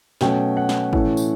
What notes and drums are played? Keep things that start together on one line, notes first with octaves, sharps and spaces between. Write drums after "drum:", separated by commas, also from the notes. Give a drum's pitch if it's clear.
B2 F#3 A3 C#4 G5, drum: snare
F#5
drum: snare
A2 E3 A3 C#4, drum: kick G#1
drum: tambourine